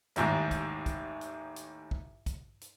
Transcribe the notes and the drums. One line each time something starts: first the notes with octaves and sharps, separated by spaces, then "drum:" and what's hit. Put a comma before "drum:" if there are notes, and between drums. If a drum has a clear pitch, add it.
A1 D#2 G#2, drum: hi-hat
drum: kick, hi-hat
drum: kick, hi-hat
drum: hi-hat
drum: hi-hat
drum: kick
drum: kick, hi-hat
drum: hi-hat